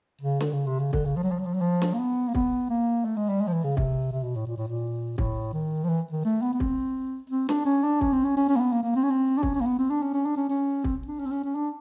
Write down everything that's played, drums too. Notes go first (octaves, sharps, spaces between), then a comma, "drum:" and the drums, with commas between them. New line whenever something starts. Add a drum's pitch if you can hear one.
C#3
D3, drum: snare
C#3
C3
C#3
D3, drum: kick
C#3
F3
F#3
F3
F#3
F3
F#3
F3
drum: snare
A#3
B3
A#3
B3, drum: kick
A#3
A3
G#3
G3
G#3
F3
E3
C#3
C3, drum: kick
C3
B2
A2
A#2
A2
A#2
A2, drum: kick
D#3
F3
E3
D#3
A3
B3
B3
C4, drum: kick
C4
D4, drum: snare
C#4
D4
C#4, drum: kick
C4
C#4
C#4
C#4
A#3
B3
A#3
A#3
C4
C#4
C4
D4
C#4, drum: kick
C#4
A#3
B3
C4
D4
C#4
C#4
D4
C#4
C#4
C4, drum: kick
D4
C#4
C4
C#4
C#4
D4